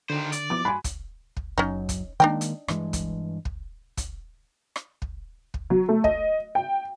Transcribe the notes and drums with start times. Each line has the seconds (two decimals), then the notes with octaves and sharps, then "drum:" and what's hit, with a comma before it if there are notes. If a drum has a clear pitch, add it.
0.10 D3 D#3 C5
0.32 D5, drum: hi-hat
0.50 F3 B3 E4 D6
0.65 G2 G#5 B5 C6 F#6
0.84 drum: kick, hi-hat
1.37 drum: kick
1.58 F#1 F#2 F#3 C#4 D#4
1.89 drum: kick, hi-hat
2.20 D#3 G#3 A#3 D4 D#4 G5
2.41 drum: hi-hat
2.68 G2 E3 G#3, drum: rim click
2.93 drum: kick, hi-hat
3.45 drum: kick
3.97 drum: kick, hi-hat
4.76 drum: rim click
5.02 drum: kick
5.54 drum: kick
5.70 F#3
5.89 A3
6.04 D#5, drum: kick
6.55 G5